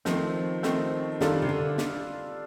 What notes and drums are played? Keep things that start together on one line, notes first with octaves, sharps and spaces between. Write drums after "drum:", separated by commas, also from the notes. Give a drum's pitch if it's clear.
D#3 F3 A3 C4, drum: snare
D#3 A3 C4, drum: snare
D#3 G3 D4 F4 A4, drum: snare
C3
D3
drum: snare